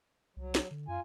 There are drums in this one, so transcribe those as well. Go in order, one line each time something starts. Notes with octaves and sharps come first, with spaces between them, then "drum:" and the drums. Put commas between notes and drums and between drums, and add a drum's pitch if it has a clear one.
C2 F#3
drum: snare
D3
F#2 F4 G#5